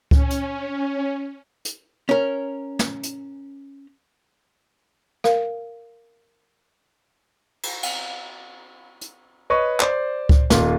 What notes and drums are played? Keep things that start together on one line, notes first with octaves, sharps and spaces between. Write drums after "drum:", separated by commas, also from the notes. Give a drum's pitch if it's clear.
C#4, drum: kick C#2
drum: hi-hat
drum: hi-hat
C#4 A#4
drum: snare
drum: hi-hat
A#4 F5, drum: rim click
drum: cymbal
drum: cymbal
drum: hi-hat
B4 C#5 D#5 C#6
C5 D5, drum: clap
drum: kick C#2
D#1 A#2 F4, drum: snare